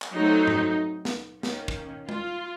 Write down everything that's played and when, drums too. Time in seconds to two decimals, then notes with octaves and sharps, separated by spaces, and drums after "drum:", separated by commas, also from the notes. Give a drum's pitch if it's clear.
0.02 drum: clap
0.14 F#3 A3 C4 D#4
0.47 drum: tom G#2
1.05 drum: snare
1.43 D#3 A#3 C#4, drum: snare
1.68 drum: kick
2.09 F4, drum: tom G#3